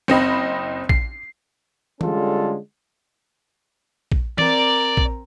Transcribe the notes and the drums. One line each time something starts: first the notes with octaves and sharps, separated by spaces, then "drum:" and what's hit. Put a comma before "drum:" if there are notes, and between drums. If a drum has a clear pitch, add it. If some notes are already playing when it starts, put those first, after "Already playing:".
F#1 C4 D#5 B5
C7, drum: kick
D3 G3 G#3 C#4 F4 A4, drum: tom E3
drum: kick
C4 A#4 D5, drum: tom E3
drum: kick